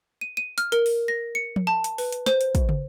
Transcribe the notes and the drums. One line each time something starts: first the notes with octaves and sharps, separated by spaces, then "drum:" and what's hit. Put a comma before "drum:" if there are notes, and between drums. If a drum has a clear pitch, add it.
D#7
D#7
F6, drum: hi-hat
A#4, drum: hi-hat
drum: open hi-hat
A#6
C#7
drum: tom F3
A5
drum: hi-hat
B4, drum: open hi-hat
drum: hi-hat
C5, drum: snare
drum: hi-hat
drum: kick, hi-hat
drum: tom